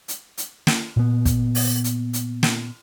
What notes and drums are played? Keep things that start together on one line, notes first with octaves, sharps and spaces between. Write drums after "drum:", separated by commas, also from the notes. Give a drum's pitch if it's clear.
drum: hi-hat
drum: hi-hat
drum: snare
A#2 B3
drum: kick, hi-hat
drum: open hi-hat
drum: hi-hat
drum: hi-hat
drum: snare